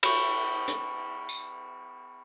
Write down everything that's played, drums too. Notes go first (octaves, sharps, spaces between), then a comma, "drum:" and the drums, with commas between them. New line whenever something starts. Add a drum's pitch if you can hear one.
B5 C#6, drum: cymbal
drum: hi-hat
drum: tambourine